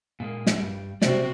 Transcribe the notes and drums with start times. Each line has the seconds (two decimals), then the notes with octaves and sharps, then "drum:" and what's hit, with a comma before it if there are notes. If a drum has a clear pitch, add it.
0.20 A#2 G#3 A#3
0.47 drum: snare
0.58 G2 G3
1.02 C3 C4 F#4 C5 D5, drum: snare